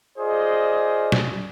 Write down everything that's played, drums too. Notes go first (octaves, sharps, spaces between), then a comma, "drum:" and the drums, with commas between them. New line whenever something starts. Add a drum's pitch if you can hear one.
F4 G#4 C5 D5 D#5
drum: snare